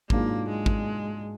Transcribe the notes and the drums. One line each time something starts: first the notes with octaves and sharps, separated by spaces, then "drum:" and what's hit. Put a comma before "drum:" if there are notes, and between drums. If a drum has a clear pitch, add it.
G#2 F#3 A#3 D4 F4 G#4, drum: kick G#1
G#3
drum: kick G#1